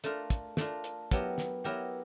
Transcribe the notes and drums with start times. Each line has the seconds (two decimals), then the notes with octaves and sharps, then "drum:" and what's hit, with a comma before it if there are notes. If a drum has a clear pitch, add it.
0.04 A3 D4 F4 A#4, drum: hi-hat
0.30 drum: kick, hi-hat
0.57 A3 D4 F4 A#4, drum: snare
0.84 drum: hi-hat
1.11 F#3 B3 E4 G4 A#4, drum: kick, hi-hat
1.38 drum: snare
1.64 F#3 B3 E4 G4 A#4